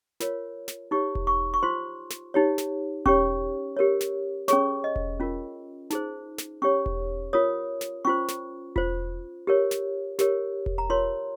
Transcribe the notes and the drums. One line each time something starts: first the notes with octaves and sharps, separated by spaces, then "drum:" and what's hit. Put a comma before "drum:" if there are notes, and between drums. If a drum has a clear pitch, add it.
F4 A#4 C#5, drum: snare
drum: snare
D#4 G4 C#5 C#6
drum: kick E1
C#6
C#6
F4 C5 C6
drum: snare
D#4 G4 C#5
drum: snare
C#4 G4 C#5 C#6, drum: kick E1
G4 A#4 C#5
drum: snare
C#4 G#4 C#5 C#6, drum: snare
D#5
drum: kick E1
C#4 F4 A#4
D#4 G#4 C5, drum: snare
drum: snare
C#4 G4 C#5 C#6
drum: kick E1
F4 A#4 C#5 D#6
drum: snare
C#4 F4 C5 C#6
drum: snare
F4 C5, drum: kick E1
G4 A#4 C#5
drum: snare
G4 A#4 C#5, drum: snare
drum: kick E1
A#5
F4 A#4 C#5 C6